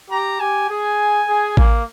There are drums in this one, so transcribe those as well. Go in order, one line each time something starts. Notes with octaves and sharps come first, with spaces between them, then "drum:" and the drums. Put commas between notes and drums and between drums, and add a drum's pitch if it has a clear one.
G4 A#5
G4 G#5
G#4 G#5
G#4
A#3, drum: kick A1